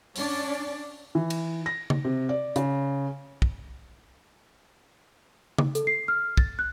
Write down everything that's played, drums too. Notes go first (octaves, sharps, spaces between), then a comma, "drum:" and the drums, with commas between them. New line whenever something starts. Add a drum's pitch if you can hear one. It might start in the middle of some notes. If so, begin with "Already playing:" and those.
C#4 D4 D5, drum: open hi-hat
E3
drum: cymbal
A#6
drum: tom C#3
C3
D5
C#3, drum: hi-hat
drum: kick
drum: tom C#3
A4, drum: hi-hat
C7
F6
A6, drum: kick
F#6